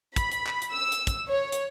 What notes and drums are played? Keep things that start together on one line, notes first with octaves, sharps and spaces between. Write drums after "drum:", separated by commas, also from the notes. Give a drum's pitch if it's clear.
B5, drum: kick, hi-hat
drum: hi-hat
drum: clap
drum: hi-hat
E6
drum: hi-hat
drum: kick, hi-hat
C#5
drum: hi-hat